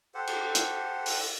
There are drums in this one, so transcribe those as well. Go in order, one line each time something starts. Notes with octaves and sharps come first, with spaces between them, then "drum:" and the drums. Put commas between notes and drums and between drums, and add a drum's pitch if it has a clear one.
G4 A4 C5 F#5
drum: cymbal
drum: hi-hat
drum: open hi-hat